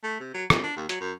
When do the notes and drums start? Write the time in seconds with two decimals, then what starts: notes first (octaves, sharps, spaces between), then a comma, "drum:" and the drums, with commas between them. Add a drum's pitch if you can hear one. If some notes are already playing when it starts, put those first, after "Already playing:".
0.03 A3
0.20 C3
0.34 F#3
0.50 G3, drum: rim click
0.63 D4
0.77 D#2
0.89 F#3, drum: hi-hat
1.00 F#2